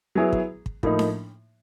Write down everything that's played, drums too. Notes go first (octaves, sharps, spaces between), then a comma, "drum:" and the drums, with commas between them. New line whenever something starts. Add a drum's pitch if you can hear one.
F#3 B3 E4 G#4
drum: kick
drum: kick
A2 F3 A#3 D#4, drum: kick
drum: snare D4